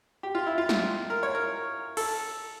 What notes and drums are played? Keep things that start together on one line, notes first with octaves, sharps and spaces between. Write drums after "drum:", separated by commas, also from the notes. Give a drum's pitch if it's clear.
G4
F4
E4
F4
drum: snare
A#4
C#5
A#4
A4, drum: cymbal